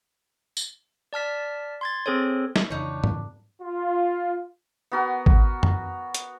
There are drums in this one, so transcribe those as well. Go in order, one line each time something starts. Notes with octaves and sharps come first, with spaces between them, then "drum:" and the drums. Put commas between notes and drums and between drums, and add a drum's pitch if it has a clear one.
drum: tambourine
D5 A5 F6 B6
C6 G#6 A6
C4 G#4 A4 C5 C#5
drum: snare
F2 A2 C#3 E3 D4 D#4 C#5
drum: tom
F4
B3 F#4 A#4
drum: kick G#1
drum: tom
drum: hi-hat